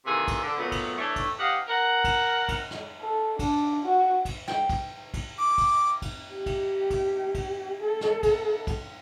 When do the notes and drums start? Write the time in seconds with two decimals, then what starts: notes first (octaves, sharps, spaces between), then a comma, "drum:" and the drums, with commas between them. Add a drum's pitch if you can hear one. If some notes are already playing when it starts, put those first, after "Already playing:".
0.06 C3 D#3 E3 A#3 G#4 A4
0.28 drum: kick, cymbal
0.42 D3
0.58 A#2 F#3 A3 B3
0.72 drum: kick, cymbal
0.98 E3 A3 D4 A4 C#5
1.16 drum: kick, cymbal
1.39 G4 D#5 F5 F#5
1.68 A#4 F#5
2.04 drum: kick, cymbal
2.49 drum: kick, cymbal
2.71 drum: snare
3.01 A4
3.39 D4, drum: kick, cymbal
3.85 F#4
4.25 drum: kick, cymbal
4.48 G5, drum: snare
4.70 drum: kick, cymbal
5.14 drum: kick, cymbal
5.38 D6
5.58 drum: kick, cymbal
6.02 drum: kick, cymbal
6.33 G4
6.46 drum: kick, cymbal
6.90 drum: kick, cymbal
7.35 drum: kick, cymbal
7.83 A4
8.01 drum: snare
8.23 drum: kick, cymbal
8.67 drum: kick, cymbal